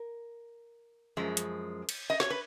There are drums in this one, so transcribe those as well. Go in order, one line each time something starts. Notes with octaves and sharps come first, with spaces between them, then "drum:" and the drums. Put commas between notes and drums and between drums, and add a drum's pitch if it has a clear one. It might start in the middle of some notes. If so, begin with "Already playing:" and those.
Already playing: A#4
F#2 F3 G#3
drum: hi-hat
drum: cymbal
D#5
C#5, drum: snare
B4